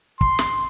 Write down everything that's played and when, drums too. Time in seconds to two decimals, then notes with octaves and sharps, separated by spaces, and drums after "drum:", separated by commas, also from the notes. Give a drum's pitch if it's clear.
0.21 C6, drum: kick
0.39 drum: snare